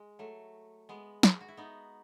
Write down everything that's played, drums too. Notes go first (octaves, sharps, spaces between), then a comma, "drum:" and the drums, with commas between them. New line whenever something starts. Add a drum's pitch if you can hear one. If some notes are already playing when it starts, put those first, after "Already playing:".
Already playing: G#3
F#3 A3
G#3 B3
drum: snare
F#4
E4
B3 D#4